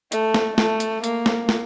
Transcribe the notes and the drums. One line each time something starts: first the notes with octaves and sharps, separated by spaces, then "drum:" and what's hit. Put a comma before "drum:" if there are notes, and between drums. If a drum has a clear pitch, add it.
A3, drum: hi-hat
drum: snare
A3, drum: snare
drum: hi-hat
A#3, drum: hi-hat
drum: snare
drum: snare